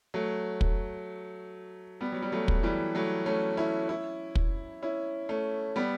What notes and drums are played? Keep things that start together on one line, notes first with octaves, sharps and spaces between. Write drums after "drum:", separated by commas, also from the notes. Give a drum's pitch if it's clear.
F#3 A3
drum: kick
G3 B3
F#3
G3
F#3 A3
drum: kick
E3 G3
F#3 A3
A3 C#4
C#4 E4
C#4 E4
drum: kick
C#4 E4
A3 C#4
G3 B3